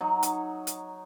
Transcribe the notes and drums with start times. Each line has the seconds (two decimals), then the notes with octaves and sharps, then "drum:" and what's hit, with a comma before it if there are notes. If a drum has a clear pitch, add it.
0.01 F#3 D#4
0.23 drum: hi-hat
0.67 drum: hi-hat